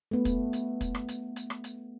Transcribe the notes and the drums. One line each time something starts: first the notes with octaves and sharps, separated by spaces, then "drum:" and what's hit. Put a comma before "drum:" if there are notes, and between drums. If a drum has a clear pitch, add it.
A3 B3
drum: kick, hi-hat
drum: hi-hat
drum: kick, hi-hat
drum: rim click
drum: hi-hat
drum: hi-hat
drum: rim click
drum: hi-hat